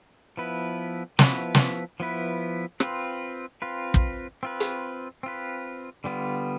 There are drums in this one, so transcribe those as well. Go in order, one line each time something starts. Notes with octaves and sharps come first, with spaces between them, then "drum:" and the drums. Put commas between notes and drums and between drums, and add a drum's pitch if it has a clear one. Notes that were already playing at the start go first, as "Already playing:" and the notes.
F3 B3 E4 B4
F3 B3 E4 B4, drum: snare
drum: snare
F3 B3 E4 B4
C4 F4 B4, drum: rim click
C4 F4 B4
drum: kick
C4 F4 B4
drum: hi-hat
C4 F4 B4
D3 G3 B3 F4